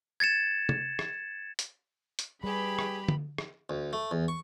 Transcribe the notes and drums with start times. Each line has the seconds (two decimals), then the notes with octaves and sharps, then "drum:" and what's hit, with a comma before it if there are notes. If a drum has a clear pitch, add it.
0.20 G#6 A6 C#7 E7
0.69 drum: tom
0.99 drum: rim click
1.59 drum: hi-hat
2.19 drum: hi-hat
2.44 G3 G4 G#4 B4 B5
2.79 drum: rim click
3.09 drum: tom D3
3.38 drum: rim click
3.70 D2
3.93 A3
4.11 E2
4.28 C#6